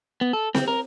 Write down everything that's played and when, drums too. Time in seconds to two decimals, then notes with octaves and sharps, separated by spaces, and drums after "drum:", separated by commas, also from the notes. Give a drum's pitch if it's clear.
0.21 B3
0.33 A4
0.55 C4, drum: snare C4
0.68 A#4